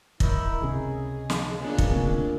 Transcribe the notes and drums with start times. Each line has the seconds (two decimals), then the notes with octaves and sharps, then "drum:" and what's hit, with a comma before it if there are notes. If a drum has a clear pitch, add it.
0.20 D#4 E4 A#4 C#5, drum: kick
0.62 C#2 C3 C#4 G#4
1.30 C#3, drum: snare
1.60 A#2 C#3 B3 D4
1.78 drum: kick
1.90 D#1 D2 C3 A#3 C#4 D4